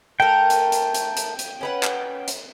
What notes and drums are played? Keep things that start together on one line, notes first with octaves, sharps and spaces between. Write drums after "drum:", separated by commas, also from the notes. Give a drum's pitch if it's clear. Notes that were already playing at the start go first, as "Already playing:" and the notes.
A3 A#4 G5
drum: hi-hat
drum: hi-hat
drum: hi-hat
drum: hi-hat
drum: hi-hat
C#4 B4 F#5
drum: clap
drum: hi-hat